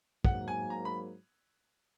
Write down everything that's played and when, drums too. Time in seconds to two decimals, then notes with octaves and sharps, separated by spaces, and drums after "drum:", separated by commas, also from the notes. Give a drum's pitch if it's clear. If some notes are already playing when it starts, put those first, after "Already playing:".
0.25 G#2 F#3 A#3 F#5, drum: kick
0.48 G#5
0.70 A#5
0.85 B5